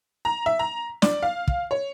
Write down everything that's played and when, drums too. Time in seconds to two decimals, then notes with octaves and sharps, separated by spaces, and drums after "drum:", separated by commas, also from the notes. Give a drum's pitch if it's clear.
0.25 A#5
0.46 E5
0.59 A#5
1.02 D5, drum: snare
1.23 F5
1.48 drum: kick
1.71 C#5